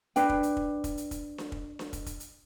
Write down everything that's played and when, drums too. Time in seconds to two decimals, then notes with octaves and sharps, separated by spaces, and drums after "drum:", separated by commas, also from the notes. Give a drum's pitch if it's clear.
0.16 D4 B4 G5, drum: hi-hat
0.29 drum: kick
0.43 drum: hi-hat
0.57 drum: kick
0.84 drum: kick, hi-hat
0.97 drum: hi-hat
1.11 drum: kick, hi-hat
1.38 drum: snare D4
1.52 drum: kick
1.79 drum: snare D4
1.93 drum: kick, hi-hat
2.06 drum: kick, hi-hat
2.20 drum: hi-hat